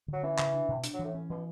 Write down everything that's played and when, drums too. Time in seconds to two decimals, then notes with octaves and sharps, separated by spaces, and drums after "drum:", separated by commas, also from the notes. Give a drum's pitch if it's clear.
0.08 D3 F#3
0.23 E3 C#4
0.39 C#3, drum: clap
0.54 D4
0.68 B2
0.84 D4, drum: hi-hat
0.94 F#3
0.99 E3
1.04 A2
1.15 C#4
1.30 B2 E3